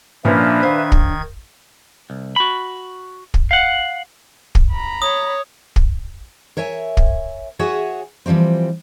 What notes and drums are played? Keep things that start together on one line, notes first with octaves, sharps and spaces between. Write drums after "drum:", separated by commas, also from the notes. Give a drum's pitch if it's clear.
A#2 F3 A#3 C#4 D4 B4 E5 B5
D#3 C5 F5 G#6
drum: kick
C2
F#4 B5
drum: kick
F5 F#5
drum: kick
A#5 B5
C#5 D#6
drum: kick
A#4 C#5 E5 G#5
drum: kick
F#4 G#4 C#5 E5 F#5 G#5
E3 F3 G3 A#3 C4